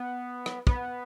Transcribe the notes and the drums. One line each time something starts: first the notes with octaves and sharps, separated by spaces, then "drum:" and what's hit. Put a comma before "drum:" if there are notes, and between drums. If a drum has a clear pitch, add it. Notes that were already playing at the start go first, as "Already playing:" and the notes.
Already playing: B3
drum: rim click
B3, drum: kick